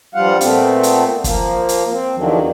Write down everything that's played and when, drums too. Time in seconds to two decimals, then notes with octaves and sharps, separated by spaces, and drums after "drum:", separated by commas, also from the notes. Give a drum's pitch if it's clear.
0.15 G2 F3 G3 F4 F5 F#5
0.41 A#2 A3 B3 C4, drum: hi-hat
0.83 drum: hi-hat
1.24 F3 A#3, drum: kick, hi-hat
1.69 drum: hi-hat
1.90 C4
2.16 E2 D3 D#3 F3 F#3